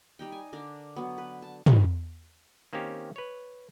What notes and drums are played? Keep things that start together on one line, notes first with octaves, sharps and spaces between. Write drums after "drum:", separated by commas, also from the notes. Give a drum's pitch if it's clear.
G3 D#4 G5
G#5
D3 D4 A#4
F#3 B3
B4
A5
drum: tom
D#3 A#3 C4 C#4 G4
B4 C#5